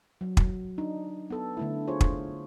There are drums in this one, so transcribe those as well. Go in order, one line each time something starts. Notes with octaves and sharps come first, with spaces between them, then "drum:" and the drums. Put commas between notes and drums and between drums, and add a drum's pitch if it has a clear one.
F#3
drum: kick
D4 D#4
B3 A4
D3 A3 E4
F4 G#4 C5 C#5
drum: kick